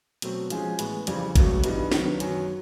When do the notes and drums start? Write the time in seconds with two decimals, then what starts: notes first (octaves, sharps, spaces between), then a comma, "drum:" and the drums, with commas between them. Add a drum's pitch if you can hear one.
0.22 B2 F#3 A3 C4, drum: hi-hat
0.50 F3 G#3 C#4 F4 G#4, drum: hi-hat
0.79 A2 E3 G#3 B3, drum: hi-hat
1.07 F2 C#3 E3 G3 C4, drum: hi-hat
1.36 C#2 B2 F#3 A3, drum: kick G#1, hi-hat
1.64 G2 E3 G3 B3 D#4, drum: hi-hat
1.92 D#3 F#3 B3, drum: snare
2.20 F#2 D#3 F#3, drum: hi-hat